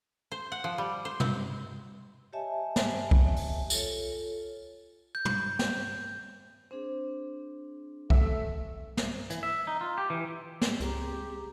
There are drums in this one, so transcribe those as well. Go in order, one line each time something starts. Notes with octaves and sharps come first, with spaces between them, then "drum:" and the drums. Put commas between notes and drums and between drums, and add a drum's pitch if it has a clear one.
C5
F#5
F3
G3
C5
C4, drum: tom
G4 C#5 D#5 E5 G#5 A5
drum: snare
drum: kick B1
drum: open hi-hat
F4 A4 C#5, drum: tambourine
G6
drum: tom
drum: snare
C4 D4 G#4 C5
A3 E5, drum: kick B1
drum: snare
E3, drum: hi-hat
E5
D#4
F4
G4
E3
drum: snare
C#2 C4 G4 G#4 A#5, drum: hi-hat